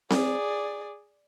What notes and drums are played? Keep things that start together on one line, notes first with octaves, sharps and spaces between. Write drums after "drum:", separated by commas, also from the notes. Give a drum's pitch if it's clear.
G#4 D5, drum: snare C4